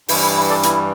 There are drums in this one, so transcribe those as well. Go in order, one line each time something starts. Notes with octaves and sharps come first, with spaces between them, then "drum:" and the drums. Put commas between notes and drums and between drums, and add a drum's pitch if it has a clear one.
G2 E3 G3 E4, drum: open hi-hat
E4
E4
A4 D5
E4, drum: hi-hat